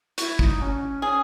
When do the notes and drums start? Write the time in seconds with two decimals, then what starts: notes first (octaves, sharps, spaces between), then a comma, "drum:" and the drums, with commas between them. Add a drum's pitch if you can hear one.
0.18 E4 F#4, drum: hi-hat
0.39 D#4, drum: kick
0.61 C#4
1.02 C#4 G#4